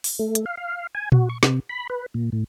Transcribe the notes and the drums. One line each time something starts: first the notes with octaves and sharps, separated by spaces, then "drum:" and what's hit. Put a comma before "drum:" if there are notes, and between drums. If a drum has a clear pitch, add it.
drum: open hi-hat
A3
drum: hi-hat
F5
F5
G#5
F#4, drum: tom A#2
C#6
C3, drum: snare
B5
B4
A#2
A2